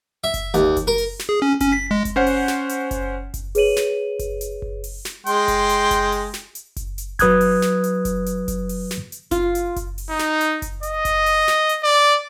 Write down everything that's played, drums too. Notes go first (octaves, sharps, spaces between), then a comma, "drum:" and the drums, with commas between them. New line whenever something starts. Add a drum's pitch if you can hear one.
E5
drum: kick F#1, hi-hat
D#2, drum: hi-hat
drum: kick F#1, hi-hat
A#4
drum: open hi-hat
drum: snare
G#4
C#4
C#4, drum: kick F#1, hi-hat
B6
G#3
drum: kick F#1, hi-hat
C#4 C5 F#5
drum: open hi-hat
drum: snare
drum: hi-hat
drum: kick F#1, hi-hat
drum: kick F#1, hi-hat
G#4 B4 C#5 D#7 F#7, drum: open hi-hat
drum: snare
drum: kick F#1, hi-hat
drum: hi-hat
drum: kick F#1
drum: open hi-hat
drum: snare
G#3 G5 C6, drum: hi-hat
drum: kick F#1, hi-hat
drum: hi-hat
drum: kick F#1, hi-hat
drum: open hi-hat
drum: snare
drum: hi-hat
drum: kick F#1, hi-hat
drum: hi-hat
F#3 B4 D#6 F#6 G#6, drum: kick F#1, hi-hat
drum: open hi-hat
drum: snare
drum: hi-hat
drum: kick F#1, hi-hat
drum: hi-hat
drum: kick F#1, hi-hat
drum: open hi-hat
drum: snare
drum: hi-hat
F4, drum: kick F#1, hi-hat
drum: hi-hat
drum: kick F#1, hi-hat
drum: open hi-hat
D#4
drum: snare
drum: hi-hat
drum: kick F#1, hi-hat
D#5, drum: hi-hat
drum: kick F#1, hi-hat
drum: open hi-hat
drum: snare
drum: hi-hat
D5